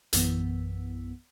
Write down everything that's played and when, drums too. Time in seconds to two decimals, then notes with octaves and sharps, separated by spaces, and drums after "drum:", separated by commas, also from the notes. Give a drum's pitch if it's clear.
0.13 A#1 F#2 E3 B3, drum: hi-hat